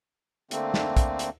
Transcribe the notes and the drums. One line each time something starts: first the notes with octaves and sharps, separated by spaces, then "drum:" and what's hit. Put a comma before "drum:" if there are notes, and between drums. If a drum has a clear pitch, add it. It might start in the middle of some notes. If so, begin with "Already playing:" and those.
D3 A3 A#3 C4, drum: hi-hat
drum: snare
drum: kick, hi-hat
drum: hi-hat